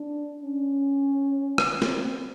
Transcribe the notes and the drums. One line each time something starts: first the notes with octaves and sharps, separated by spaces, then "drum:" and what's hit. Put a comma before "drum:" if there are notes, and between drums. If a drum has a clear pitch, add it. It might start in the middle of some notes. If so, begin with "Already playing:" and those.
Already playing: D4
C#4
drum: rim click
C4, drum: snare